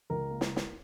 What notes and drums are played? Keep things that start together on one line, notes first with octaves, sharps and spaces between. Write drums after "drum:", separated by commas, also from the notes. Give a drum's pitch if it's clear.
C#2 A#4
A#3
drum: snare
drum: snare